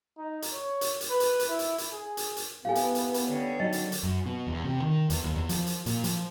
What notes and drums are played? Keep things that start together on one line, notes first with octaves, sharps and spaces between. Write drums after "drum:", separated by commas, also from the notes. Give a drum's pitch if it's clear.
D#4
drum: hi-hat
C#5
drum: hi-hat
drum: hi-hat
B4
drum: hi-hat
drum: hi-hat
E4
drum: hi-hat
drum: hi-hat
G#4
drum: hi-hat
drum: hi-hat
B3 E4 G4 A4 F5 G#5
drum: hi-hat
drum: hi-hat
drum: hi-hat
D3 G3 C#4
F#3 D#4 D#5
drum: hi-hat
drum: hi-hat
F#2
B2
E2
C3
D#3
E2, drum: hi-hat
D#2
E2
F3, drum: hi-hat
drum: hi-hat
A#2, drum: hi-hat
F3, drum: hi-hat